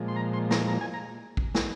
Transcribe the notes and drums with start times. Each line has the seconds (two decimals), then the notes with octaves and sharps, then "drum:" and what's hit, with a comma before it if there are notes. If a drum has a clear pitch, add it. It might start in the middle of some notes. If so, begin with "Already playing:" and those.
Already playing: A#2 F3 G#3
0.08 C6
0.16 A#5
0.33 C6
0.51 A#5, drum: snare
0.68 A#5
0.81 G#5
0.94 A#5
1.37 drum: kick
1.55 drum: snare